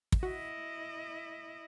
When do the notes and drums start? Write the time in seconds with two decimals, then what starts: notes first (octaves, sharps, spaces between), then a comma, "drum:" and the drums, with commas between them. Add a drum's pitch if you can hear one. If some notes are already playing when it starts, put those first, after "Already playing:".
0.12 drum: kick
0.23 E4 F#4 D#5